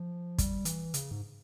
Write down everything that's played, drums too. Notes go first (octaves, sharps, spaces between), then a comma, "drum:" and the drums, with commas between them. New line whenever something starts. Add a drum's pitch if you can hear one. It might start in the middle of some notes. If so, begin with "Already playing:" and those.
Already playing: F3
G3, drum: kick, hi-hat
E3, drum: hi-hat
C#3, drum: hi-hat
G#2